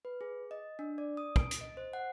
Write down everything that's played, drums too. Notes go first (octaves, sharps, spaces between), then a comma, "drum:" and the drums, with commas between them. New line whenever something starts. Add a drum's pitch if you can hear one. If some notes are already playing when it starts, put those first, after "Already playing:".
B4
G#4
D#5
D4
D5
D#6
D7, drum: kick
drum: hi-hat
D#5
C5
F#5